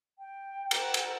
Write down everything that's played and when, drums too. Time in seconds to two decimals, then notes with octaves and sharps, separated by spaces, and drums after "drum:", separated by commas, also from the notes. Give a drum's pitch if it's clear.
0.19 G5
0.71 A#4 F#5 E6, drum: cymbal
0.94 drum: cymbal